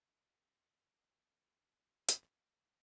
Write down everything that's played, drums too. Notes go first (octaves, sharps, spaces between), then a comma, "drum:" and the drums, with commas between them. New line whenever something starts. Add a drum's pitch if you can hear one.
B2 B3 D#5
C4 G#4
F#5
D5
drum: hi-hat
B2 E3 D#5